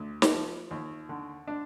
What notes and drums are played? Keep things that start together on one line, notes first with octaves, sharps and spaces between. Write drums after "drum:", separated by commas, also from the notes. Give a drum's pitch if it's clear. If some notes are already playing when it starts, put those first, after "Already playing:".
Already playing: D2
drum: snare
F3
D#2
D3
D4